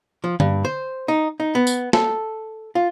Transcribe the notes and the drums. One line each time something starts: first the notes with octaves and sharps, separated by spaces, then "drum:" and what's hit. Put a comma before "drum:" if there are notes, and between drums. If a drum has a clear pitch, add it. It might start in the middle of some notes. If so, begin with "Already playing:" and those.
F3
G2, drum: tom D3
C5
D#4
D#4
B3
drum: tambourine
A4, drum: snare
F4